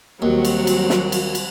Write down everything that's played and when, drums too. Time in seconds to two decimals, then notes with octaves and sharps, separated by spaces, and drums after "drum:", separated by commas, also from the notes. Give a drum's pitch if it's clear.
0.22 D#2 F#3 G3 C4 F#4
0.45 drum: cymbal
0.67 drum: cymbal
0.90 drum: snare
1.12 drum: cymbal
1.35 drum: cymbal